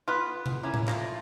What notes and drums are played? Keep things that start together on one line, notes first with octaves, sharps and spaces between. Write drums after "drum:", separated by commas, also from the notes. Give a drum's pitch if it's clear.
B3 F4 B4
drum: tom C3
A#3 C#4 E4
drum: tom A2
F2 A3 A#3 F4, drum: clap